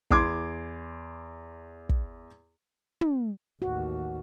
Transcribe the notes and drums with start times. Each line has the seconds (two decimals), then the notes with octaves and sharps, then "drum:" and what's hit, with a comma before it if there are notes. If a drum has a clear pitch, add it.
0.11 E2 C6 D6 G#6, drum: kick
1.89 drum: kick
3.01 drum: tom
3.62 A1 D#2 F#4